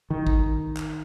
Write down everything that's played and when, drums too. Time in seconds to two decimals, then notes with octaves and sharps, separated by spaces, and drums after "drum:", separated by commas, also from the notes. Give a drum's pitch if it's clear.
0.10 D#3
0.27 drum: kick G#1
0.77 drum: clap